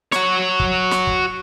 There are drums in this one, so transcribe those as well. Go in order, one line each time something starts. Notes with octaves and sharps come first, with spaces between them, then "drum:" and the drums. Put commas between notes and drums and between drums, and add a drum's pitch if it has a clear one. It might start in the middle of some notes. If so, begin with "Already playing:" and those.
F#4 C#5, drum: snare
drum: kick
drum: snare
drum: kick